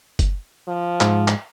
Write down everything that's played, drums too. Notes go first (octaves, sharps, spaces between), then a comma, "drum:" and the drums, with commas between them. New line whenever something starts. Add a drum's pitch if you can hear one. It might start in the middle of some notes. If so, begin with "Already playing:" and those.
drum: kick F#1, hi-hat
F3
G#2, drum: clap
drum: clap